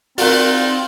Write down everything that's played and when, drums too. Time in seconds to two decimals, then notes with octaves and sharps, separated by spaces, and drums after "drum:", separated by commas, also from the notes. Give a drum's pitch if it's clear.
0.18 C4 D#4 F4 F#4 A#4 B4 D5, drum: open hi-hat